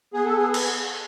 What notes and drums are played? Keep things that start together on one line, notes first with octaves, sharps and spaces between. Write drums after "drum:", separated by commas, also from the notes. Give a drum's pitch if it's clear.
B3 G#4
A4
G#4
drum: cymbal